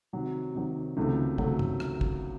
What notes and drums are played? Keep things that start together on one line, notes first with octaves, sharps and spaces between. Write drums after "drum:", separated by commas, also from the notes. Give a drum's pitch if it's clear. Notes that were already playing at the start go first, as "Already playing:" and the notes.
C3 D#3 F#3
C3 D#3 F#3
C#2 C3 D#3 F#3 A3
C#2 C3 D#3 F#3 A3, drum: kick
drum: tom
drum: rim click
drum: kick